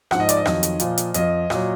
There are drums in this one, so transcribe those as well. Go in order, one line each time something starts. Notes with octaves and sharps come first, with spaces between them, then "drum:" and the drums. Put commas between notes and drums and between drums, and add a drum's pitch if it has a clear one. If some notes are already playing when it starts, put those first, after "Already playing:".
G#2 F3 F#5, drum: rim click
D#5
D5, drum: hi-hat
D#5
F2 D#3 F#3, drum: rim click
drum: hi-hat
A#2 F3, drum: hi-hat
drum: hi-hat
F2 F3 D#5, drum: hi-hat
A#2 F#3, drum: rim click